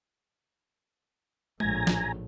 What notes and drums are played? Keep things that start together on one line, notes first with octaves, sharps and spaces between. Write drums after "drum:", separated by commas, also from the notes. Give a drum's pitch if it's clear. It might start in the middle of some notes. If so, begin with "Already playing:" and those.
A#1 A2 G#5 A#5, drum: tom G#3
drum: snare